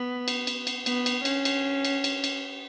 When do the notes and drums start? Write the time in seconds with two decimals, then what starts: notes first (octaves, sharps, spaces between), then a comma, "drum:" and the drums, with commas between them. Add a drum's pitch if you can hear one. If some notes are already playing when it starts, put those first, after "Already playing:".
Already playing: B3
0.28 drum: cymbal
0.47 drum: cymbal
0.67 drum: cymbal
0.86 B3, drum: cymbal
1.06 drum: cymbal
1.25 C#4, drum: cymbal
1.45 drum: cymbal
1.85 drum: cymbal
2.04 drum: cymbal
2.24 drum: cymbal